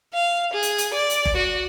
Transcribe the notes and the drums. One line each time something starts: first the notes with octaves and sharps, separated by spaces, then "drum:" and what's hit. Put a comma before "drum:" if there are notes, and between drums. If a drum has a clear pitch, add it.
F5
G#4
drum: hi-hat
drum: hi-hat
D5
drum: hi-hat
drum: kick G1
F#4